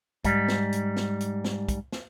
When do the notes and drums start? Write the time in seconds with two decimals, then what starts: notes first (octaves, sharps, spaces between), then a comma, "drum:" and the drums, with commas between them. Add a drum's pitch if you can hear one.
0.24 G#2 G3, drum: kick, hi-hat
0.48 drum: snare
0.72 drum: hi-hat
0.96 drum: snare
1.20 drum: hi-hat
1.45 drum: snare
1.69 drum: kick, hi-hat
1.93 drum: snare